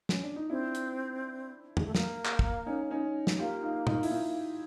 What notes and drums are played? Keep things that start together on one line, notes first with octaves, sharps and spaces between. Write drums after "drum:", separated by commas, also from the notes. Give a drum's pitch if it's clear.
C#4, drum: snare
D4
D#4
C4 D4 E4
drum: hi-hat
G#3, drum: tom
A3
A#3, drum: snare
drum: clap
drum: kick
C#4 D#4
C#4 D#4
drum: snare
A#3 F4 G4
D#4 F4
D#4 F4, drum: tom
E4, drum: open hi-hat
D#4 F4